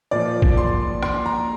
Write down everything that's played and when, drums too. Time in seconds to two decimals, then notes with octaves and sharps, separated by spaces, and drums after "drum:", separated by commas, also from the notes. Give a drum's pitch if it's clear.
0.11 A#2 F3 D5
0.42 drum: kick A1
0.57 C6
1.03 C6, drum: rim click
1.26 A#5